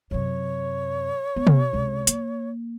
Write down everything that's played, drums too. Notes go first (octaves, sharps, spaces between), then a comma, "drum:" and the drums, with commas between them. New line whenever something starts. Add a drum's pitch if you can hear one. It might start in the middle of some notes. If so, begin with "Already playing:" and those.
F#2 C3 C#5
B3
drum: tom
C#2 C3
A#3, drum: hi-hat